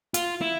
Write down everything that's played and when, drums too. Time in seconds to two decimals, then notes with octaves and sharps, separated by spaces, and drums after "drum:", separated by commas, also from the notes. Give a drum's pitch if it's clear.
0.14 F4, drum: hi-hat
0.41 E4